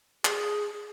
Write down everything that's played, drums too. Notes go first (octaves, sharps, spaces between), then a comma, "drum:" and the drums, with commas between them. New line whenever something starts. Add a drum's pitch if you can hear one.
G#4, drum: clap